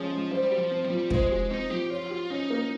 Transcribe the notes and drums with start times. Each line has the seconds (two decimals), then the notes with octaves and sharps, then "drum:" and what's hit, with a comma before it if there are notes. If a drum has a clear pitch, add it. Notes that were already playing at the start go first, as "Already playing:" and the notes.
Already playing: F3 G#3 C#4 G#4
0.12 G#3
0.31 G3 C5
0.51 G4
0.57 F3
0.71 C4
0.84 G3
0.90 F3
1.10 G#3 C5, drum: kick
1.30 G#3 G4
1.50 C4 D#4
1.70 F3 G4
1.90 F4 C#5
2.10 G4
2.30 C#4 D#4
2.50 A#3